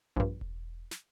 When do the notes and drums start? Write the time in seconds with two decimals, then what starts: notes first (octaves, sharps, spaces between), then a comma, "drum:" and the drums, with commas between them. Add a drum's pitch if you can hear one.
0.16 A#1 G2
0.41 drum: kick E1
0.91 drum: snare